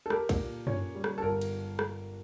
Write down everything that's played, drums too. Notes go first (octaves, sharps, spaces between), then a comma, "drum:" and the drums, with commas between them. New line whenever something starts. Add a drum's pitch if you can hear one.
A4
G4 A#4, drum: rim click
drum: kick, cymbal
A#2
C#4 C#5, drum: tom
G3
drum: rim click
A4
G1 A#4
drum: cymbal
drum: rim click